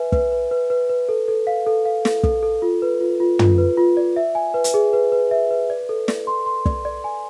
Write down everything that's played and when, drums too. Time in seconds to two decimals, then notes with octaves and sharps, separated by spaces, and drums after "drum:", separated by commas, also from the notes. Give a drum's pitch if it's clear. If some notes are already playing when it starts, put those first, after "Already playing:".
Already playing: B4 E5 G#5
0.12 B4, drum: kick
0.32 B4
0.51 B4
0.70 B4
0.89 B4
1.09 A4
1.28 A4
1.47 F5
1.67 A4
1.85 F5
2.05 A4, drum: snare
2.23 A4, drum: kick
2.43 A4
2.62 F4
2.82 B4
3.00 F4
3.20 F4
3.39 F4, drum: tom
3.58 B4
3.77 F4
3.97 D5
4.16 E5
4.35 G#5
4.54 B4
4.64 drum: hi-hat
4.74 G#4
4.93 B4
5.12 B4
5.31 E5
5.51 B4
5.70 D5
5.89 A4
6.08 D5, drum: snare
6.27 C6
6.46 C6
6.66 D5, drum: kick
6.85 D5
7.04 G#5